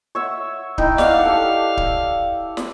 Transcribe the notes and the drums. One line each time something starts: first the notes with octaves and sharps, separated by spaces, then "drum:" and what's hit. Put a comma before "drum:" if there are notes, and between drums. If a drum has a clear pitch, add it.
C#5 E5 F#5
D#4 E4 G5, drum: kick D1
D5 F5 F#5, drum: snare
G4 A4
drum: kick D1
drum: snare